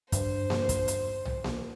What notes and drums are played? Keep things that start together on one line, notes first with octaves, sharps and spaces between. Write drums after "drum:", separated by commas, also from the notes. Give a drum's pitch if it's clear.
G2 C5, drum: kick, hi-hat
drum: snare A#3
drum: kick, hi-hat
drum: hi-hat
drum: tom
drum: snare A#3